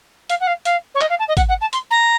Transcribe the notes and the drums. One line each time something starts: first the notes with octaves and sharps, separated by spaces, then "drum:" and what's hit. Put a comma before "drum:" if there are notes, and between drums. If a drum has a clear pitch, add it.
F5, drum: hi-hat
F#5
F5
F5, drum: hi-hat
C#5
D#5, drum: clap
F5
A5
D#5
F#5, drum: kick, hi-hat
F#5
A5
C6, drum: hi-hat
A#5